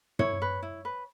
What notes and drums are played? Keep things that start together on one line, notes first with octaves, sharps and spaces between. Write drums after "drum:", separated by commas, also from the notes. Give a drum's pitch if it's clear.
E4 C#5, drum: tom
B4
E4
B4